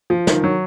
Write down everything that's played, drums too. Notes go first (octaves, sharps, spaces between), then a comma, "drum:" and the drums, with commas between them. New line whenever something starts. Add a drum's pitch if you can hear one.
F3
D#3, drum: snare
F#3